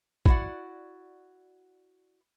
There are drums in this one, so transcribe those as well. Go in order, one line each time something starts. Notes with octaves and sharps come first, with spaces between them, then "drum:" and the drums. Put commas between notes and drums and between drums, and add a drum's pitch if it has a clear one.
E4 F#4 D5 F#5, drum: kick